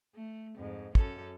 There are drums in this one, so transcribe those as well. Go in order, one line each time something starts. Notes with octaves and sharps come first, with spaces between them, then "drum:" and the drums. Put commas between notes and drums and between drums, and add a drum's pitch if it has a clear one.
A3
F2 G#2
F#2 C#4 A4, drum: kick